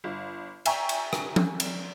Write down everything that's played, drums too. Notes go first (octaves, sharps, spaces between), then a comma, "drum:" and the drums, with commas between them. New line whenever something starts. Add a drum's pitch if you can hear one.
G1
E5 G5 G#5 A#5 C#6, drum: cymbal
drum: cymbal
drum: rim click
drum: tom F3
drum: cymbal